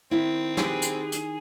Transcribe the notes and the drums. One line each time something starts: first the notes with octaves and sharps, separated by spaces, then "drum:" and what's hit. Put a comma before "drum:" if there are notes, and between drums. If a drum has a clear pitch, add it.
D#3 C4 E4
G4 G#4 B4, drum: snare
drum: hi-hat
drum: hi-hat